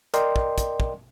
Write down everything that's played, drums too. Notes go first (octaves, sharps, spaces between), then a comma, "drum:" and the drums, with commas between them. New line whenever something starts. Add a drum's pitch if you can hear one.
A#4 D5 D#5 G5 C6, drum: hi-hat
drum: kick
drum: kick, hi-hat
drum: kick